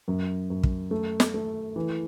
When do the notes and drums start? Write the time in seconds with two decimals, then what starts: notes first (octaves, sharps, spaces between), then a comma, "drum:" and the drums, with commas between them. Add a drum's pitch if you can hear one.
0.08 F#2
0.50 F#2
0.63 drum: kick
0.91 A3
1.20 drum: snare
1.34 A3
1.76 E3